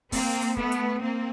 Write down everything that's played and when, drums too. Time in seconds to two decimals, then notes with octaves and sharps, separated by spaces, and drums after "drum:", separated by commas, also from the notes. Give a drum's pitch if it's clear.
0.12 A#3 C4, drum: kick, open hi-hat
0.42 drum: hi-hat
0.56 A3 B3, drum: kick
0.72 drum: hi-hat
1.01 A#3 C4